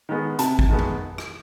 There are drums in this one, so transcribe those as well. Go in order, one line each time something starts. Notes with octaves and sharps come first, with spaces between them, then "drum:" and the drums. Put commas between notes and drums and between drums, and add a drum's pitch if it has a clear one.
D#3 G#3 B3
C3 A5, drum: hi-hat
drum: kick
D#3 G#3 B3
drum: tom F2
drum: rim click